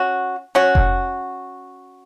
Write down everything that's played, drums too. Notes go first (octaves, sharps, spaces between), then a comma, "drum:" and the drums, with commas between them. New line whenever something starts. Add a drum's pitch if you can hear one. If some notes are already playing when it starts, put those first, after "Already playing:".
Already playing: C#4 F#4
C#4 F#4
drum: kick F1